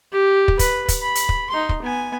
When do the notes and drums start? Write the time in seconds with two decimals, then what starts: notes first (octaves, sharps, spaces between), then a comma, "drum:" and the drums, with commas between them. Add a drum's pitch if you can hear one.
0.12 G4
0.48 drum: kick
0.59 B4, drum: kick, hi-hat
0.88 drum: kick, hi-hat
1.02 B5
1.15 drum: hi-hat
1.29 drum: kick
1.50 D#4 C6
1.69 drum: kick
1.83 B3 G#5